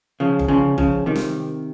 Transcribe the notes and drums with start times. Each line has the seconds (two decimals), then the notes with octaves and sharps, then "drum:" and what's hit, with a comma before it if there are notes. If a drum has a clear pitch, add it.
0.20 C#3 F3
0.39 drum: kick F#1
0.48 C#3 F3
0.78 C#3 F3, drum: kick F#1
1.06 C3 D#3
1.15 drum: snare